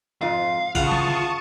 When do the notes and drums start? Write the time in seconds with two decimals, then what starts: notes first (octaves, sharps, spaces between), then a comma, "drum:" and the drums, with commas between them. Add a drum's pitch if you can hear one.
0.21 F2 G#2 F4 F5
0.75 C#3 E3 F4 F5 F#5 A5 C#6 D#6, drum: kick A1
0.91 drum: snare
1.08 drum: tom D3